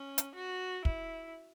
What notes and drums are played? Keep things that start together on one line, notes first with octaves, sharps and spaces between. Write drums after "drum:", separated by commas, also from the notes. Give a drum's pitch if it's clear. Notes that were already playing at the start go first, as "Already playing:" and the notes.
Already playing: C#4
drum: hi-hat
F#4
E4, drum: kick